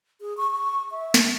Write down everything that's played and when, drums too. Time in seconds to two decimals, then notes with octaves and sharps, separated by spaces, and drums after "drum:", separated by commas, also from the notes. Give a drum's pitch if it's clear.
0.21 G#4
0.37 C#6
0.51 C#6
0.91 E5
1.14 drum: snare